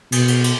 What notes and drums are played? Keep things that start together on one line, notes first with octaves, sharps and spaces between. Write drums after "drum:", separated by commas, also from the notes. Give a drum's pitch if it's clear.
B2, drum: cymbal
drum: cymbal
drum: cymbal